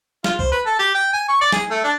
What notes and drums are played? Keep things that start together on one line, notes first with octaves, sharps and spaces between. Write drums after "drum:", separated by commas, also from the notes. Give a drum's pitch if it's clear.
F4, drum: snare
C5, drum: kick
B4
A4
G4
G5
G#5
C#6
D5
G#4, drum: snare
A3
D4